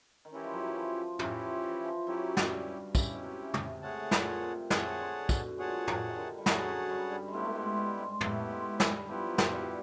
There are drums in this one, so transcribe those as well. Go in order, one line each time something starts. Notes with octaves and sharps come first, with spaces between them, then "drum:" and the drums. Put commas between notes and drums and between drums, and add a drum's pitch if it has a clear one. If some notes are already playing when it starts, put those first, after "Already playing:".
D#3
E3 C#4 E4 G4
F3
F#2 F#3
E3
F3
F3
E3 C#4 E4 G4, drum: tom
F3
E3
F3
F#2 F#3 C#4 E4 G4
G2 G3, drum: snare
C#3 C#4 E4 G4, drum: kick, tambourine
B2
C3
C#3
C3, drum: tom
A2 G#4 C#5 F#5 A5
A#2, drum: snare
C3
C3 G#4 C#5 F#5 A5, drum: snare
D3
B2, drum: kick, tambourine
A#2 G#4 C#5 F#5 A5
C3, drum: tom
D#3
D3
G3
F#2 F#3 G#4 C#5 F#5 A5, drum: snare
F#2 F#3
G2 G3
G2 G3
G#3
A2 A3 B3 E4 G4
A3
G#2 G#3
G2 G3
G#2 G#3
A2 A3 B3 E4 G4, drum: tom
A3
G#2 G#3
G2 G3, drum: snare
F3 B3 E4 G4
F3 F#3
drum: snare
G2 G3